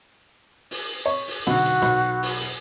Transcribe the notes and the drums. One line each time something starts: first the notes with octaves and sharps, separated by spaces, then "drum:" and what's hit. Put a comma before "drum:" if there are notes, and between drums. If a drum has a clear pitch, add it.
drum: open hi-hat
C#5
drum: open hi-hat
B1 D3 F#4, drum: hi-hat
drum: hi-hat
B1, drum: hi-hat
drum: open hi-hat
drum: hi-hat